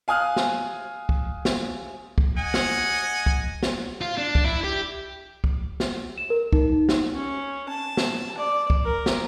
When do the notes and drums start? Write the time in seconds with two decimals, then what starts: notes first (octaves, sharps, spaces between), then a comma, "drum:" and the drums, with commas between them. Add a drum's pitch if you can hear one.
0.08 F5 G#5 D#6 F6 F#6
0.37 drum: snare
1.09 drum: kick
1.45 drum: snare
2.18 drum: kick
2.38 D#5 F#5 G#5
2.54 drum: snare
3.26 drum: kick
3.63 drum: snare
4.01 F4
4.18 D4
4.35 drum: kick
4.45 E4
4.64 G4
5.44 drum: kick
5.80 drum: snare
6.18 E7
6.30 A#4
6.52 D#4, drum: kick
6.72 D#4
6.89 drum: snare
7.14 C#4
7.69 A5
7.97 drum: snare
8.38 D5
8.70 drum: kick
8.84 A#4
9.06 drum: snare